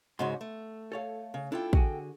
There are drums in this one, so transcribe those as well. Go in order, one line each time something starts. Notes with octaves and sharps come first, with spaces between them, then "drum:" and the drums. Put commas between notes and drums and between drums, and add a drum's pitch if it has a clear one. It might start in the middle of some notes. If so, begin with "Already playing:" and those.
G#2 C#3 F#4 C6
A3
A4 C#5 F5
C#3
D4 E4 F4 A4 G5
D3 F#4 G#4, drum: kick